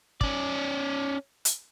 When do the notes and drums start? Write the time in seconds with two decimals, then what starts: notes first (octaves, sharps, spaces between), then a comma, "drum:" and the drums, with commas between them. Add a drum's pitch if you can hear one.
0.21 C#4 D5, drum: kick
1.45 drum: hi-hat